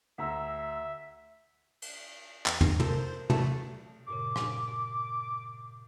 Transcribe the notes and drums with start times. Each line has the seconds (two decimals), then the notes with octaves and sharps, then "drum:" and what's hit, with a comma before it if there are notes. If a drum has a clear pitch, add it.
0.18 D2 E5 A#5 E6
1.82 drum: cymbal
2.46 E2, drum: clap
2.61 A#5 C7, drum: tom
2.80 A4 A#4 C5, drum: tom
3.30 E3 F#3 G3 A3 A4, drum: tom
4.08 G2 A#2 C#3 D6
4.36 drum: rim click